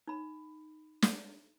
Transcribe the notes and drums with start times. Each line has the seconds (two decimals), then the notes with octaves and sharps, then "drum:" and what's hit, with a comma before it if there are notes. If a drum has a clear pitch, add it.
0.07 D#4 B5
1.02 drum: snare